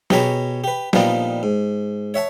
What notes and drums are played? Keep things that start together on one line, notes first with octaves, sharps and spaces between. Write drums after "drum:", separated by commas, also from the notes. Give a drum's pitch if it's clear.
B2 G4 G#4 C#5 A#5 B5, drum: snare
G4 B4
A#2 F3 G3 B3 D4 D#4, drum: snare
G#2
C#5 E5 F#5 A5